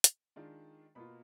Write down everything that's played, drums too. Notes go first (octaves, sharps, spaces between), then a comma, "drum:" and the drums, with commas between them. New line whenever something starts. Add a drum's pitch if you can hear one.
drum: hi-hat
D#3 G#3 D4 F4
B2 A#3 F4 B5